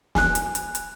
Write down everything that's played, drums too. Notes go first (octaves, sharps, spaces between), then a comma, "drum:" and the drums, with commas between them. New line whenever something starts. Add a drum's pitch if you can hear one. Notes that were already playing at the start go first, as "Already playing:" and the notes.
G#5 F#6, drum: snare
drum: hi-hat
drum: hi-hat
drum: hi-hat